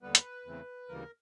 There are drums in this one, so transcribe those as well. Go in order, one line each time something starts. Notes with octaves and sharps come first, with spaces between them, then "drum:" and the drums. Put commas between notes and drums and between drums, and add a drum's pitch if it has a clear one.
D#2 D3 G3 B3 B4
drum: hi-hat
E2 C#3 E3 A3 C4
D2 C#3 E3 G3 A#3 A#4